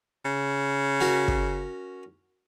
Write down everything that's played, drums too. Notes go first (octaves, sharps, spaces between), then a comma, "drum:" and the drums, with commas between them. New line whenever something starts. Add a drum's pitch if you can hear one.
C#3
C#4 F#4 A#4
drum: kick